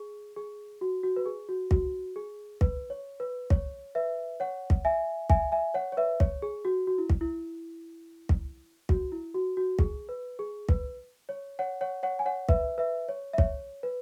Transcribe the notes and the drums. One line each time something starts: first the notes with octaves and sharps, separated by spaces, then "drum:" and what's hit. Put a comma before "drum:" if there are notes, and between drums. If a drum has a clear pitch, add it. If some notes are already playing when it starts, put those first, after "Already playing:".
Already playing: G#4
G#4
F#4
F#4
B4
G#4
F#4
F#4, drum: kick
G#4
B4, drum: kick
C#5
B4
C#5, drum: kick
B4 E5
C#5 F#5
drum: kick
E5 G#5
E5 G#5, drum: kick
E5 G#5
C#5 F#5
C#5
B4 E5
C#5, drum: kick
G#4
F#4
F#4
E4
drum: kick
E4
drum: kick
F#4, drum: kick
E4
F#4
F#4
G#4, drum: kick
B4
G#4
B4, drum: kick
C#5
C#5 F#5
C#5 F#5
C#5 F#5
G#5
C#5 F#5
B4 E5, drum: kick
B4 E5
C#5
E5
C#5, drum: kick
B4